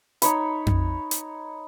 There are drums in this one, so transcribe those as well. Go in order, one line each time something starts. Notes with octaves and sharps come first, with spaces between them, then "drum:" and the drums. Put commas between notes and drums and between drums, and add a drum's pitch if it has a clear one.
D#4 C#5 B5, drum: hi-hat
drum: tom F2
drum: hi-hat